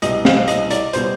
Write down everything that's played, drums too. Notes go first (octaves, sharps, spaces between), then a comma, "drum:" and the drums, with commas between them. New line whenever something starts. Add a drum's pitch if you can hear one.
C2 B2 G3 D#5, drum: hi-hat
F5, drum: snare
D#5, drum: hi-hat
D5, drum: hi-hat
B2 G3 C5, drum: hi-hat